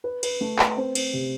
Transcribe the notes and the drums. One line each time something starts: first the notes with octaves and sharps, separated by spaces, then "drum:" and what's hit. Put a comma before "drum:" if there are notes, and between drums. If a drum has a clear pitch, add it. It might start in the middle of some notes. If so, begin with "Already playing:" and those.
B4
B4, drum: cymbal
A3
B4, drum: clap
C4
C4, drum: cymbal
C3